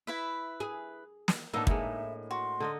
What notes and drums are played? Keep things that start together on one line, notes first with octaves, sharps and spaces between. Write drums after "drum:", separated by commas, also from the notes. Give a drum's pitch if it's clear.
E4 B4 E5
G#4
drum: snare
A2 A#3 B3 D4 D#4 E6
G#3 A#3 E4 E5, drum: kick
F#4 C6
D3 D#4 D#5